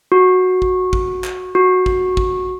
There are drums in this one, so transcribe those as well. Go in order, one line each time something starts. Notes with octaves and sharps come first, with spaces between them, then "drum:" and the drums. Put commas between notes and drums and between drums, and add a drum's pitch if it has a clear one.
F#4
drum: kick
drum: kick
drum: clap
F#4
drum: kick
drum: kick